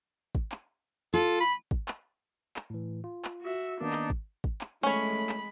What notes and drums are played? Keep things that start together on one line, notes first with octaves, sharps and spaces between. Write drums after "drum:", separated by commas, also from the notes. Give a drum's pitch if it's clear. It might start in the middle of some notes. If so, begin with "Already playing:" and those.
drum: kick
drum: clap
F4 A4
B5
drum: kick
drum: clap
drum: clap
A2 E3
F4
drum: clap
F#4 E5
D#3 A#3 B3 D4 D#4
drum: clap
drum: kick
drum: kick
drum: clap
G#3 A3 C#4 C#5 B5
drum: clap